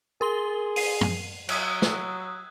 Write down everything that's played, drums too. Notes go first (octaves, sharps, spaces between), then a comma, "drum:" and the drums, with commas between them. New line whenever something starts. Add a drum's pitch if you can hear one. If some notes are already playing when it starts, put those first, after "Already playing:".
G#4 A#4 C6 G7
C7 D#7, drum: open hi-hat
drum: tom
F#3 D#6 E6 F#6, drum: cymbal
drum: snare